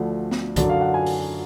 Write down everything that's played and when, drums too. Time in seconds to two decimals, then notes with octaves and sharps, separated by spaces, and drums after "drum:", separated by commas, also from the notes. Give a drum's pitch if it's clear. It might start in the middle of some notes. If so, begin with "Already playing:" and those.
Already playing: D2 D3 F3 A3
0.31 drum: snare B3
0.56 F#2 D3 F#3 D5, drum: kick C2, hi-hat
0.69 F5
0.81 F#5
0.94 G#5
1.06 drum: open hi-hat